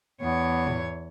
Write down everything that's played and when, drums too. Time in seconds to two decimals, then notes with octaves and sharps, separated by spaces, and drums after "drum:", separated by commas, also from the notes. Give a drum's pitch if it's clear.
0.21 E2 B3 C#5
0.67 drum: tom